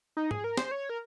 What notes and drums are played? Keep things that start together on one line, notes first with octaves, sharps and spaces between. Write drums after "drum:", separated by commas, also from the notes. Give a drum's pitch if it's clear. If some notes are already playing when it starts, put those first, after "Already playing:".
D#4
G#4, drum: tom G#2
A#4
C5, drum: snare
C#5
A#4